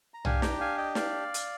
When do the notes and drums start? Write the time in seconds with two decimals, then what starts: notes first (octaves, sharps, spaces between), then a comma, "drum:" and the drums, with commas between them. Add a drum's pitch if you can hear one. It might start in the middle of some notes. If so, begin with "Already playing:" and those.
0.14 A#5
0.25 D4 G4 F5 G#5, drum: tom B1
0.42 G5 A#5, drum: snare
0.60 F5 G#5
0.77 D#5 G5
0.95 D5 F5, drum: snare
1.34 drum: hi-hat